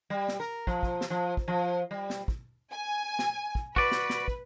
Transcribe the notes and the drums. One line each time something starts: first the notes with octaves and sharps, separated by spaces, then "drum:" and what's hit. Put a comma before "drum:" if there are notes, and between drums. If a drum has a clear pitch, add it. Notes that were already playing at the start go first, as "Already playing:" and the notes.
G3
drum: snare
A#4
F3, drum: kick
drum: kick
drum: snare
F3
drum: kick
F3
G3
drum: snare
drum: kick
G#5
drum: snare
drum: kick
F#4 B4 D5, drum: kick
drum: snare
drum: snare
drum: kick